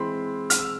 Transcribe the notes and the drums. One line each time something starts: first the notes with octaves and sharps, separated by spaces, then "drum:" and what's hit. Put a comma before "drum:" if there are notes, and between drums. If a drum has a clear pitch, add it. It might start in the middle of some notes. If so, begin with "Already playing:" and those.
Already playing: E3 G#3 C4 B5 C6
F6, drum: hi-hat
E6